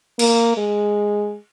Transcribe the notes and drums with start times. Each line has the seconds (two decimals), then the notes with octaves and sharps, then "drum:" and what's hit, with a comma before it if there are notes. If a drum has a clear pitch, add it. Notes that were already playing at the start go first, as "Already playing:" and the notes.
0.19 A#3, drum: cymbal
0.57 G#3